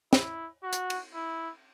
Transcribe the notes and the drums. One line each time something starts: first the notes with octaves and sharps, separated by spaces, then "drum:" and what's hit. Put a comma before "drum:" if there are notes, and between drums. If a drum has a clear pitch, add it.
E4, drum: snare
F#4
drum: hi-hat
drum: cymbal
E4